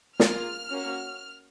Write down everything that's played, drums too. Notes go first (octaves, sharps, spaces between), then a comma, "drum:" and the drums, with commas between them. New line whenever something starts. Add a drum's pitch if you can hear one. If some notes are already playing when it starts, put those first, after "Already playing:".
A#3 F4 G#4 F6, drum: snare
A#3 C#4 F#4